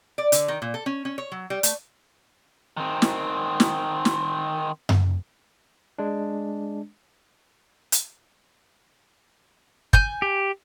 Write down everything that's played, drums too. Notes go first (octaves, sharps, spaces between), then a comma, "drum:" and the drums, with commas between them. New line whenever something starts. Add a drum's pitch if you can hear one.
D5
D3, drum: hi-hat
D#3
A#2
A4
C#4
C#4
C#5
F#3
G3
A3, drum: hi-hat
D#3 C4
drum: snare
drum: snare
drum: snare
drum: tom F#2
G#3 D4
drum: hi-hat
G#5 G6, drum: kick
G4